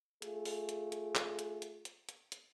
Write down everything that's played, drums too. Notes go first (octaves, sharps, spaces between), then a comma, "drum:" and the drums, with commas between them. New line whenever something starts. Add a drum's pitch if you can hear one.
A3 F4 G#4, drum: hi-hat
drum: open hi-hat
drum: hi-hat
drum: hi-hat
drum: clap
drum: hi-hat
drum: hi-hat
drum: hi-hat
drum: hi-hat
drum: hi-hat